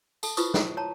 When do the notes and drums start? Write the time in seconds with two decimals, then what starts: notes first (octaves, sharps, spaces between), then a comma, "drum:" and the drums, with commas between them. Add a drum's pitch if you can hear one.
0.23 A4 A5, drum: tambourine
0.37 E4 F4 B4 C5 C#6 D#6, drum: tambourine
0.54 C5, drum: snare
0.77 C#5 A5 A#5